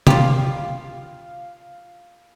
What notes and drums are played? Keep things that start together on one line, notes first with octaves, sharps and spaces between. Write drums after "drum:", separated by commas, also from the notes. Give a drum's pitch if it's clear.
F4 G4 F5, drum: tom C3